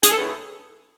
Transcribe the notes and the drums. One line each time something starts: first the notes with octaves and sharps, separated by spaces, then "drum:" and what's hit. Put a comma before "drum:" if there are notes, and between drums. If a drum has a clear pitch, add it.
G#4, drum: hi-hat
A4
D#2 C#3 F#3 C#4 E4 G#4 B4